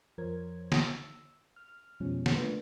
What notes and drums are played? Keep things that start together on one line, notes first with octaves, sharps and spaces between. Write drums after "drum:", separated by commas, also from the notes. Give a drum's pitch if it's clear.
F2 F3 A#4 C5 C#5 G#6
drum: snare
E6
F6
F2 B2 F3 G3 G#3 C#4
drum: snare
A3 A#3 D4 F4 B4